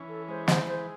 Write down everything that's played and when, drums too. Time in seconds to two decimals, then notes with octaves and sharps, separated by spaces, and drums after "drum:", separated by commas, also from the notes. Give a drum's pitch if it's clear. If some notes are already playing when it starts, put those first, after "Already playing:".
Already playing: E3 C#4
0.09 A4
0.28 G#3 C5
0.48 C5, drum: snare
0.67 G#3 C5